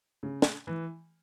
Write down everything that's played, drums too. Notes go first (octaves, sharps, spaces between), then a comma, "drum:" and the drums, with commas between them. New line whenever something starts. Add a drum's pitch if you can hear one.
C#3
drum: snare
E3